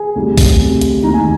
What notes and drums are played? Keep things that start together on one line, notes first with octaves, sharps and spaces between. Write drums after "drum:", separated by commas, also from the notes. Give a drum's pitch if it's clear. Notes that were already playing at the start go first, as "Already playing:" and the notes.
Already playing: G#4 G#5
D2 C3 D#3 G3
drum: kick, open hi-hat
D2 C3 G3
drum: hi-hat
F1 D#2 D#3 A#5
G#5